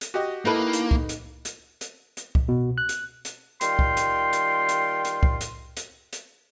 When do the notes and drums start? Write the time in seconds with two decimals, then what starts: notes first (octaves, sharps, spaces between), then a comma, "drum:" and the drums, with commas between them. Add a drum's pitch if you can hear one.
0.01 drum: hi-hat
0.14 F#4 G4 D#5
0.45 A#3 D#4 E4 A4 B4
0.73 drum: hi-hat
0.91 drum: kick C2
1.09 drum: hi-hat
1.45 drum: hi-hat
1.81 drum: hi-hat
2.17 drum: hi-hat
2.35 drum: kick C2
2.49 B2
2.78 F#6
2.89 drum: hi-hat
3.25 drum: hi-hat
3.61 D#3 G3 F4 G5 C6, drum: hi-hat
3.79 drum: kick C2
3.97 drum: hi-hat
4.33 drum: hi-hat
4.69 drum: hi-hat
5.05 drum: hi-hat
5.23 drum: kick C2
5.41 drum: hi-hat
5.77 drum: hi-hat
6.13 drum: hi-hat